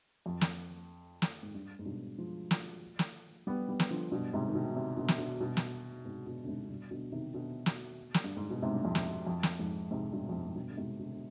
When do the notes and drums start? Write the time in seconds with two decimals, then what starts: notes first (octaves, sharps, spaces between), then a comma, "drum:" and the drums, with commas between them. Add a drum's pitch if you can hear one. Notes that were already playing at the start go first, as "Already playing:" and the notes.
0.26 F2
0.41 drum: snare
1.22 drum: snare
1.43 G#2
1.55 G2
1.79 G#2
1.86 G2 B2
2.18 F3 G#3
2.51 drum: snare
2.99 drum: snare
3.47 G3 B3
3.69 G3 B3
3.80 drum: snare
3.90 D3 F3
4.12 G2 B2
4.34 G#2 C3
4.49 D#3
4.55 B2 D3
4.76 C3 D#3
4.97 B2 D3
5.08 drum: snare
5.19 B2 D3
5.41 G2 B2
5.57 drum: snare
6.05 G#2 C3
6.27 B2 D3
6.44 D3
6.47 G#2 C3
6.69 G2 B2
6.91 B2 D3
7.12 C3 D#3
7.34 B2 D3
7.66 drum: snare
8.14 drum: snare
8.24 G2
8.37 G#2
8.50 B2
8.62 G#2 C3
8.74 G2
8.85 F2 G#2
8.95 drum: snare
9.27 F2
9.43 drum: snare
9.59 F2 G#2
9.91 G#2 C3
10.12 G2 B2
10.29 F2
10.35 G2
10.46 G#2
10.55 G2 B2
10.69 D3
10.77 G#2 C3
10.99 B2 D3
11.12 D3